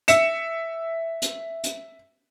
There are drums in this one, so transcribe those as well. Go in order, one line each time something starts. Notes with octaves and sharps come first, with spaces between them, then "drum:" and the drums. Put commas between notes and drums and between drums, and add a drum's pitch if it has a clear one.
E5 C#7 E7, drum: hi-hat
drum: hi-hat
drum: hi-hat